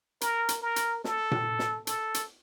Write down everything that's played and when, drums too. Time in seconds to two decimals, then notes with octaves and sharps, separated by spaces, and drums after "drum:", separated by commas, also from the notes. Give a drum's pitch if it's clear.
0.21 A#4, drum: hi-hat
0.49 drum: hi-hat
0.62 A#4
0.76 drum: hi-hat
1.04 A4, drum: snare
1.31 drum: tom A#2
1.59 drum: snare
1.87 A4, drum: hi-hat
2.14 drum: hi-hat